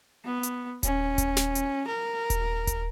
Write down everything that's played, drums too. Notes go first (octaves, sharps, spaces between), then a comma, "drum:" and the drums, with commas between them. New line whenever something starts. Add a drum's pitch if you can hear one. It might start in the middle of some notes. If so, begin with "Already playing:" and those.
B3
drum: hi-hat
C#4, drum: kick D#1, hi-hat
drum: kick D#1, hi-hat
drum: snare
drum: hi-hat
A#4
drum: kick D#1, hi-hat
drum: kick D#1, hi-hat